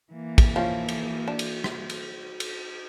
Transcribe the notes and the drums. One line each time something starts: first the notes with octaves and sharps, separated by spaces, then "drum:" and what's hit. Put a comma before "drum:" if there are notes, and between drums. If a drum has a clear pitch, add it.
E3 A#3
drum: kick, cymbal
F3 C#4
drum: cymbal
D4
drum: cymbal
drum: rim click
drum: cymbal
drum: cymbal